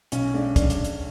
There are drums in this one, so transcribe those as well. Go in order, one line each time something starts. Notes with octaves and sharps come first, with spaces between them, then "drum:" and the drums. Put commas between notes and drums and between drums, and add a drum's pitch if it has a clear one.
B1 C#4, drum: hi-hat
G#3 D4
D4, drum: kick, hi-hat
drum: hi-hat
drum: hi-hat